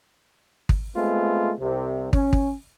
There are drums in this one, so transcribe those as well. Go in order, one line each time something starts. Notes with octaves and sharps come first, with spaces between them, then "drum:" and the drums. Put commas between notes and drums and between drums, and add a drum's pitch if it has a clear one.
drum: kick
G#3 A3 B3 C4 F4
C2 C3
C#4, drum: kick
drum: kick